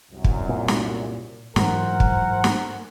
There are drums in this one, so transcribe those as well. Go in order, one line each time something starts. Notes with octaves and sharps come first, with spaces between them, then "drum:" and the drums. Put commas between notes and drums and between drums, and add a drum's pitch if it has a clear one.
C2 F#2
drum: kick
A#2
drum: snare
G#2 E3 F#3 A#4 C5 F#5, drum: snare
drum: kick
drum: snare